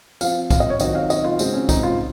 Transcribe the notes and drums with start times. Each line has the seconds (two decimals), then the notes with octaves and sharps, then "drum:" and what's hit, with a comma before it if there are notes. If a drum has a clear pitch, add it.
0.21 F3 C4 F4 F5, drum: tambourine
0.50 F5, drum: kick, tambourine
0.60 D#5
0.70 C#5
0.80 D#3 F#3 C4 F#4 D#5, drum: tambourine
0.95 F5
1.10 D#5, drum: tambourine
1.25 F4
1.39 C#3 G#3 C4 F#4, drum: tambourine
1.54 C#4
1.69 D#4, drum: kick, tambourine
1.83 F4